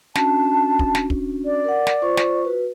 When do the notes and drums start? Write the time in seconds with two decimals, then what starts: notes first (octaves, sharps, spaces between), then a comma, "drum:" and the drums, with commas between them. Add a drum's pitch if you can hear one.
0.15 C#4 D4 F#4 A5, drum: snare
0.79 drum: kick
0.95 drum: snare
1.10 drum: kick
1.45 D5
1.65 A#4 F#5
1.87 drum: snare
2.02 F4 C5 C#6
2.17 drum: snare
2.45 F#4 B4